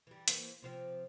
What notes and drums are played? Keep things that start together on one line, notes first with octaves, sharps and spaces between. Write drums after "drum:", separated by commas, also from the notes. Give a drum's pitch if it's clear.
E3 G3
E3 A#3 C4, drum: hi-hat
C3 F3 C4